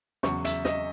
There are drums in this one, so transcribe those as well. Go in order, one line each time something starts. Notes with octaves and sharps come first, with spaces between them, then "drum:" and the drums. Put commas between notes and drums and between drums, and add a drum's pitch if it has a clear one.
E2 C#3 F#3 C#6, drum: snare
E5, drum: hi-hat
D#5, drum: snare